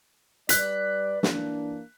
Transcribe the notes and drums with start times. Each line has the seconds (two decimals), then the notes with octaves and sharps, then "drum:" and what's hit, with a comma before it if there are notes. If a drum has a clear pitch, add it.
0.49 G3 B4 D5 F#6 B6, drum: hi-hat
1.23 E3 A#3 D4, drum: snare